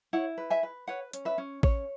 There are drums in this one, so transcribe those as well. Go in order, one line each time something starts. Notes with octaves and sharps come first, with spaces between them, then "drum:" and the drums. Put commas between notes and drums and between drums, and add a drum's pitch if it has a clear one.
E4 C#5 F#5
B4
E5 G#5
B4
B4 C#5 F#5
C#4, drum: hi-hat
B4 E5
C#4
C#4 C#5, drum: kick A1